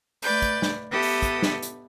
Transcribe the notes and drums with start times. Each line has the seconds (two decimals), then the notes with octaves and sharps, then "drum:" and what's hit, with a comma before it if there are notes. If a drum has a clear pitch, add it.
0.22 A3 B4 D5 G6, drum: open hi-hat
0.42 drum: kick, hi-hat
0.62 drum: snare
0.90 B3 G4 A4 B4 E5 D#6
1.02 drum: open hi-hat
1.22 drum: kick, hi-hat
1.42 drum: snare
1.62 drum: hi-hat